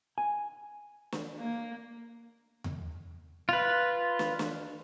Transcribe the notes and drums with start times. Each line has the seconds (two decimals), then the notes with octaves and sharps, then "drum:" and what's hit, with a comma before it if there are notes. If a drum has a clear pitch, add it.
0.18 G#5
1.12 drum: snare
1.38 A#3
2.64 drum: tom E2
3.49 F4 B4
4.19 drum: snare
4.39 drum: snare